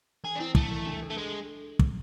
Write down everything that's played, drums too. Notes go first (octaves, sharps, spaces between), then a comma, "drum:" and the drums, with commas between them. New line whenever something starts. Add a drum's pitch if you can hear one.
E3 G#4
D4
C4 E4
A3 E4, drum: kick
E3
D4
A4
A3
G#3 A4
drum: kick